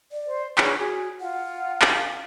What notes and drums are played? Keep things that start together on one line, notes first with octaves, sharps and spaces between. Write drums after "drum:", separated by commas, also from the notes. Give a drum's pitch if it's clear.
D5
C5
D4 G#4 B4 C#5, drum: clap
F#4 G#4
F4 F#5
drum: clap
F5